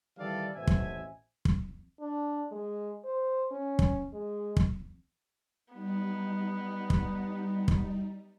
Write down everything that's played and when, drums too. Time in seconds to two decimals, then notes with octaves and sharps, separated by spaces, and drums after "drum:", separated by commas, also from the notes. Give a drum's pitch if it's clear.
0.18 D#3 E3 G3 A4 D5 F5
0.55 A1 B2 C5 E5 G#5
0.67 drum: kick
1.45 drum: kick
2.00 D4
2.52 G#3
3.05 C5
3.51 C#4
3.79 drum: kick
4.13 G#3
4.57 drum: kick
5.73 G3 B3 D#4
6.90 drum: kick
7.68 drum: kick